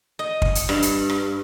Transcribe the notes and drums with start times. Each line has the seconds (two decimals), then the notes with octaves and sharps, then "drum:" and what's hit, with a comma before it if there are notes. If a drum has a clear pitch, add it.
0.19 D#5
0.42 drum: kick
0.55 drum: hi-hat
0.69 G2, drum: rim click
0.82 drum: hi-hat
1.09 drum: rim click